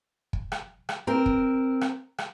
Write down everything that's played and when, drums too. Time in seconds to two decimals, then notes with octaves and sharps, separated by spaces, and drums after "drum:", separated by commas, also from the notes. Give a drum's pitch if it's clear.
0.33 drum: kick
0.52 drum: rim click
0.89 drum: rim click
1.07 C4 A#4
1.26 drum: kick
1.81 drum: rim click
2.18 drum: rim click